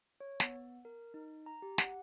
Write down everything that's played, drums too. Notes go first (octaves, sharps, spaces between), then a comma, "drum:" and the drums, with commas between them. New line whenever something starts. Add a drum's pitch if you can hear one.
C#5
B3, drum: snare
A#4
D#4
A#5
G4
F#5, drum: snare